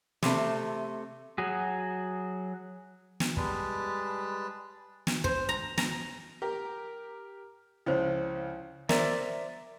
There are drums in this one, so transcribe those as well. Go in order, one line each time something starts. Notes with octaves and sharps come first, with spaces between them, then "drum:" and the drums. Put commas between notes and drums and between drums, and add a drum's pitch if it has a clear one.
C3 A3, drum: snare
F#3 F#4 G#4
drum: snare
G3 G#3 B4 A5, drum: kick
drum: snare
C5, drum: kick
A#5
A#5, drum: snare
G4 A#4
C#2 C#3 F3 E4 C5 C#5
A#4 C5 D5 E5, drum: snare